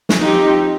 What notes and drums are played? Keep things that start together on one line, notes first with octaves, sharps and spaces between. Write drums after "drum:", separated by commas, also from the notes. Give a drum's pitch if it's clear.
drum: snare
F3 C4 D#4 G4